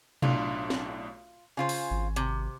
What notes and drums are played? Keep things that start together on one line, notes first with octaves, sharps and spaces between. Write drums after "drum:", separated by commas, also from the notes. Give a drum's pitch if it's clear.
B1 A2 D4 F4, drum: tom B2
drum: snare
C#3 F4 C5 G#5
drum: open hi-hat
G#1
C3, drum: hi-hat